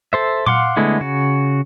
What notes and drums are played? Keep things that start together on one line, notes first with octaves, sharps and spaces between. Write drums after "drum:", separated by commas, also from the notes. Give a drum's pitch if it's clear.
A4 C5 E5
F5 F#5 C6 D6, drum: tom A#2
D3 G#3 A3 B3 E4
C#3 F#4